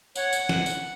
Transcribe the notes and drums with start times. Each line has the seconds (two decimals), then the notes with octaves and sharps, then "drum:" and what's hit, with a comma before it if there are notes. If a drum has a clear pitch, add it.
0.15 C#5 F#5, drum: tambourine
0.33 drum: tambourine
0.49 drum: snare
0.66 drum: tambourine